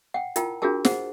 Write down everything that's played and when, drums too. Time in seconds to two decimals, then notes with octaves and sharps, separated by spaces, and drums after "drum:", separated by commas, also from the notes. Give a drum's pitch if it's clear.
0.14 F#5 G5
0.36 E4 F4 A#4 G5 A5, drum: hi-hat
0.62 D4 F4 F#4 G#4 A#4 A5
0.85 G#4 C5 F#5, drum: snare